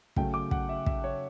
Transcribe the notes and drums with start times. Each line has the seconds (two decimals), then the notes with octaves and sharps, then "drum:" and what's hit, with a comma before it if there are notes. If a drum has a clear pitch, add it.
0.16 C#3 F#3 A3 G5, drum: kick
0.34 D6
0.51 F#5, drum: kick
0.69 E5
0.86 E5, drum: kick
1.04 C#5